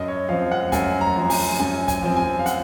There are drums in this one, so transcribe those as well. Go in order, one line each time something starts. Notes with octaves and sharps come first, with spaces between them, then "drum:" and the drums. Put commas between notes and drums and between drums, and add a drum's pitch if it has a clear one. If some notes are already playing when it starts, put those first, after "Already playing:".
Already playing: F#2 D#5
C#5
F3 C4 F5
F#5
F#2 G#5, drum: kick, hi-hat
A#5
F3 C4
G#5, drum: open hi-hat
F#2 G#5
G#5, drum: kick, hi-hat
F3 C4
G#5
F5
F#5, drum: hi-hat